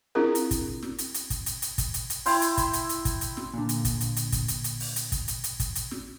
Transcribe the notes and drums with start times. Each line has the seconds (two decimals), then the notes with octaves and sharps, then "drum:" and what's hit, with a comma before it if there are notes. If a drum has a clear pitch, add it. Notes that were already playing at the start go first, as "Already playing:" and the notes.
0.15 C4 D4 E4 F4 G#4 A#4
0.35 drum: hi-hat
0.51 drum: kick, hi-hat
0.83 drum: snare
0.98 drum: hi-hat
1.14 drum: hi-hat
1.30 drum: kick, hi-hat
1.46 drum: hi-hat
1.62 drum: hi-hat
1.78 drum: kick, hi-hat
1.94 drum: hi-hat
2.10 drum: hi-hat
2.26 E4 G5 C6, drum: open hi-hat
2.42 drum: hi-hat
2.57 drum: kick, hi-hat
2.73 drum: hi-hat
2.89 drum: hi-hat
3.05 drum: kick, hi-hat
3.21 drum: hi-hat
3.37 drum: snare
3.53 A#2 D3
3.69 drum: hi-hat
3.85 drum: kick, hi-hat
4.01 drum: hi-hat
4.16 drum: hi-hat
4.32 drum: kick, hi-hat
4.48 drum: hi-hat
4.64 drum: hi-hat
4.80 drum: open hi-hat
4.96 drum: hi-hat
5.12 drum: kick, hi-hat
5.28 drum: hi-hat
5.44 drum: hi-hat
5.60 drum: kick, hi-hat
5.75 drum: hi-hat
5.91 drum: snare